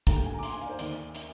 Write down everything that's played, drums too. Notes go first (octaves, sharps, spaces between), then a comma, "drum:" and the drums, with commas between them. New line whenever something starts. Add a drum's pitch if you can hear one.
D2 D3 G3 A#3 A#5, drum: kick, hi-hat
G5
G#5
A#5
D6
C6, drum: hi-hat
G#5
F5
D5
C5
D#2 D#3 A#3 D5, drum: hi-hat
drum: hi-hat